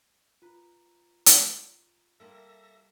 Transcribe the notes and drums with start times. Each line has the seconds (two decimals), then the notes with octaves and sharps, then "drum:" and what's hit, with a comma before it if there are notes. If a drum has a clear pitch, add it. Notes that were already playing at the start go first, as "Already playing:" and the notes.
0.42 F4 B4 A#5
1.26 drum: hi-hat
2.20 G3 A#3 F4 A4 E5 A#6